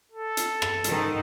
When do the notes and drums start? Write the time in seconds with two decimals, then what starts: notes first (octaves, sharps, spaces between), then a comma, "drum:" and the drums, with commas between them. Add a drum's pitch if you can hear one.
0.12 A4
0.37 drum: hi-hat
0.62 drum: rim click
0.84 G#2 D#3, drum: hi-hat